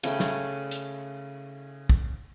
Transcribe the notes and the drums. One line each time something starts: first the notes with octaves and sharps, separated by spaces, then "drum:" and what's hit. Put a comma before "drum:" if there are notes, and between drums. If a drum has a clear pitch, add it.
C#3 A3 G5 B5, drum: cymbal
drum: snare
drum: hi-hat
drum: kick